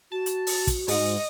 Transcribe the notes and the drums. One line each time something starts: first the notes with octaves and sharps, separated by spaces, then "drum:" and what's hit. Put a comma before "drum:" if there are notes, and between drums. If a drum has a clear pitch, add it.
F#4 A5
drum: hi-hat
drum: open hi-hat
drum: kick, hi-hat
G#2 D#5, drum: open hi-hat